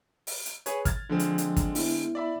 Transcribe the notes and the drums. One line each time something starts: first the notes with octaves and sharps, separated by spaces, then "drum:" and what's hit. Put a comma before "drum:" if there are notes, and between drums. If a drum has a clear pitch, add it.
drum: open hi-hat
drum: hi-hat
G#4 B4 C#5, drum: hi-hat
F6 G#6 A6, drum: kick, hi-hat
D3 F3 G#3 C4 A4
drum: hi-hat
drum: hi-hat
drum: kick, hi-hat
B3 E4, drum: open hi-hat
D5 E5 B5